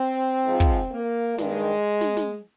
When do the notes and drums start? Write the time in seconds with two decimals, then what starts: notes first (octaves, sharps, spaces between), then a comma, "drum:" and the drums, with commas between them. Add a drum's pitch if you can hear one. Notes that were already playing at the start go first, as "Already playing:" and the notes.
Already playing: C4
0.45 G#2 F3
0.60 drum: kick
0.92 A#3
1.38 G2 D#3 G#3, drum: snare
2.01 drum: snare
2.17 drum: snare